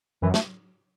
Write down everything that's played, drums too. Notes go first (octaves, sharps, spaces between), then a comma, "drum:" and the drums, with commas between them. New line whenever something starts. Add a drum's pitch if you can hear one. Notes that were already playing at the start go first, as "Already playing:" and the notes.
F#2 E3
A3, drum: snare